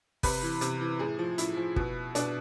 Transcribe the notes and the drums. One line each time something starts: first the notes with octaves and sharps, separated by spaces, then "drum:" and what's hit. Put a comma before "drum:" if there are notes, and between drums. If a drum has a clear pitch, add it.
C3 B4, drum: kick, open hi-hat
E3
C3, drum: hi-hat
E3
A2 G#4
F3
A2 E4, drum: hi-hat
F3
B2, drum: kick
B2 D4, drum: hi-hat